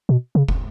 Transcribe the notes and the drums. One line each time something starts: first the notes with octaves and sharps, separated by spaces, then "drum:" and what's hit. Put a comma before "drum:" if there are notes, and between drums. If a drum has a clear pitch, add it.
B2
C#3
drum: kick